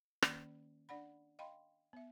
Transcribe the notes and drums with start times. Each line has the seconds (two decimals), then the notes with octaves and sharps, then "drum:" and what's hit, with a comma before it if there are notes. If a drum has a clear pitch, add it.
0.23 D#3 A#3 C#4 D5 B5, drum: rim click
0.89 D4 D5 F#5 B5
1.39 D#5 F5 G5 B5 C6
1.93 B3 E5